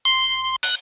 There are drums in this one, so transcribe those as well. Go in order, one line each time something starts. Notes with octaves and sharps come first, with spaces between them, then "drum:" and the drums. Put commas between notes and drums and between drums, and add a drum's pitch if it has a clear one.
C6
F#6, drum: open hi-hat